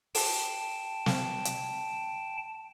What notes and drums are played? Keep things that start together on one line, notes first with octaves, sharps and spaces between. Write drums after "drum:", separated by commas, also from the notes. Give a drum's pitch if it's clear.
G5 A5, drum: open hi-hat
drum: snare
drum: hi-hat